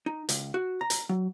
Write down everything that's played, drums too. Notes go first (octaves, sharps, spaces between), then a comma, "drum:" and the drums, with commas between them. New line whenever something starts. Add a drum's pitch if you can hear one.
D#4
C#2, drum: hi-hat
F#4
A#5
drum: hi-hat
F#3